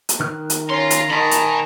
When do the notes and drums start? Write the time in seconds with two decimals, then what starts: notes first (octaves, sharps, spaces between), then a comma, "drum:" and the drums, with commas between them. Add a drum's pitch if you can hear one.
0.09 drum: hi-hat
0.20 D#3 F6 F#6
0.50 drum: hi-hat
0.70 C#4 F5 A#5 C6
0.90 drum: hi-hat
1.11 D#3 G#5 A5 B5
1.31 drum: hi-hat